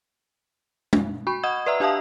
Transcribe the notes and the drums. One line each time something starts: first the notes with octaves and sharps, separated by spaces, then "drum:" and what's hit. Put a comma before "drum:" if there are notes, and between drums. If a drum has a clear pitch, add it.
drum: tom
F#4 B5 C#6
D#5 F#5 D#6 G#6
B4 D5 E5 A#5 E6
D4 G4 E5 F5 A5 D#6